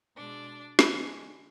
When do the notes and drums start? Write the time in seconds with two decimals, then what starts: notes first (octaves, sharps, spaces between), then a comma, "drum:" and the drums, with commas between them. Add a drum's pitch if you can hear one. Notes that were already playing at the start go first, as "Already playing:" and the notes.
0.17 B2 G#3 D4 D5
0.79 drum: snare
0.93 D3 G#3